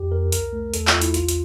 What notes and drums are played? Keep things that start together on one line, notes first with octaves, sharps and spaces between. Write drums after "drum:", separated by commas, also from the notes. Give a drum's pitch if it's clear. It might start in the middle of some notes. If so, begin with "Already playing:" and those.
Already playing: F2 G4
F2 A#4
C2 A#4, drum: hi-hat
A3
E2 A4, drum: hi-hat
F4, drum: clap
E2
E4, drum: hi-hat
A#1 F4, drum: hi-hat
drum: hi-hat